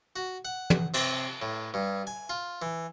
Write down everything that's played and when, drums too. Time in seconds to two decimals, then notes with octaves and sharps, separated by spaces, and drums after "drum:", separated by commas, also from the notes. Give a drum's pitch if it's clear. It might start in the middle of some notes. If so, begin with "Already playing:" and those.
0.16 F#4
0.45 F#5
0.70 drum: tom
0.94 C3, drum: cymbal
1.42 A2
1.74 G2
2.07 G#5
2.30 F4
2.62 E3